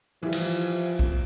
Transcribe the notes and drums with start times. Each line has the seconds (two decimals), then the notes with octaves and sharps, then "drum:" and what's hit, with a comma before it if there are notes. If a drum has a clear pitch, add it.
0.23 E3 F3 G3
0.33 drum: cymbal
0.99 drum: kick B1